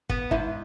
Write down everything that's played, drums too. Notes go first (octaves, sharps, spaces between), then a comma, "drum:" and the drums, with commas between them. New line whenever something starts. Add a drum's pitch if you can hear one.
B3, drum: kick
G#2 E4, drum: kick